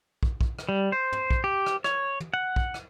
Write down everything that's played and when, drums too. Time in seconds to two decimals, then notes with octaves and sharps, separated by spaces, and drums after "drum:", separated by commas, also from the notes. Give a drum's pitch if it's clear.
0.23 drum: kick
0.41 drum: kick
0.59 drum: rim click
0.69 G3
0.92 C5
1.12 drum: tom
1.30 drum: kick
1.44 G4
1.66 drum: rim click
1.84 C#5, drum: rim click
2.20 drum: tom
2.34 F#5
2.56 drum: kick
2.74 drum: rim click